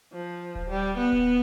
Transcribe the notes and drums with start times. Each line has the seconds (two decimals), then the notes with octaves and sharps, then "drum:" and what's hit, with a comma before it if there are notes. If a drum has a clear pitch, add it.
0.13 F3
0.55 drum: kick D#1
0.70 G3
0.98 B3
1.12 drum: kick D#1